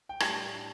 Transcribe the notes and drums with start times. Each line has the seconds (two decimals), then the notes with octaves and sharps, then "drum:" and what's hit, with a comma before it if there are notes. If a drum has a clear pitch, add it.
0.09 G5
0.20 A2 G3 D4 A5, drum: rim click